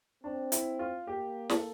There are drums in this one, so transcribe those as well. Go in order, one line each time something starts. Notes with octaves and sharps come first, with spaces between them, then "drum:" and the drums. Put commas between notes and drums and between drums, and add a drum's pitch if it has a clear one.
C4 D4
E4, drum: hi-hat
F4
A#3 G4
A4, drum: snare